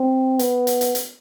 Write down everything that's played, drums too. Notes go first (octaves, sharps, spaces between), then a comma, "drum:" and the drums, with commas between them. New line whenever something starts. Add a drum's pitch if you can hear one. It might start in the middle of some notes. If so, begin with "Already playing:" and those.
Already playing: C4
B3, drum: hi-hat
drum: hi-hat
drum: hi-hat
drum: hi-hat